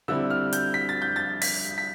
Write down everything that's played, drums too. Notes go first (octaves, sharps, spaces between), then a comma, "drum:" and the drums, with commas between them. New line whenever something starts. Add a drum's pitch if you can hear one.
D3 G3 C4 E4 E6
F6
G6, drum: hi-hat
B6
A6
G6
A6
B6, drum: open hi-hat
B6